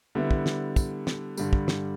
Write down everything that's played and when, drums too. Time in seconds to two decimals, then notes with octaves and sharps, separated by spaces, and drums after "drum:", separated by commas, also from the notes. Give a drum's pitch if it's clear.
0.15 D3 G3 B3 E4
0.31 drum: kick
0.46 drum: snare
0.76 drum: kick, tambourine
1.07 drum: snare
1.37 G2 D3 G3, drum: tambourine
1.53 drum: kick
1.68 drum: snare